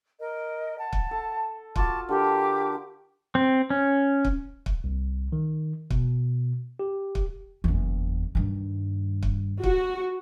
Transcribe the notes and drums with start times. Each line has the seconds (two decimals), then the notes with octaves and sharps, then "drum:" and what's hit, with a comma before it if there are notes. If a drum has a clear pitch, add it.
0.19 A#4 D#5
0.78 F#5 A5
0.93 drum: kick
1.11 A4
1.76 F4 F#4 A5 C#6 D6, drum: kick
2.09 D3 G4 A4 A#4 D6
3.35 C4
3.70 C#4
4.25 drum: kick
4.66 drum: kick
4.84 C2
5.32 D#3
5.90 B2, drum: kick
6.79 G4
7.15 drum: kick
7.64 F#1 E2
8.35 G2 D#3
9.23 drum: kick
9.64 F#4, drum: kick